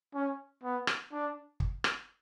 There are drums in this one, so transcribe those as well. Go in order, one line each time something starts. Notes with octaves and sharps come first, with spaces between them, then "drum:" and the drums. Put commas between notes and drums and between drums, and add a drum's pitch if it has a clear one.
C#4
B3
drum: rim click
D4
drum: kick
drum: rim click